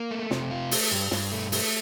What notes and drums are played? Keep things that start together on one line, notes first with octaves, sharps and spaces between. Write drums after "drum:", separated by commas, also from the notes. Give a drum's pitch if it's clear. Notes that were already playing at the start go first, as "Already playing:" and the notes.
Already playing: A#3
A3
C3, drum: snare
F4
A3, drum: open hi-hat
G2
G2, drum: snare
A3
A3, drum: open hi-hat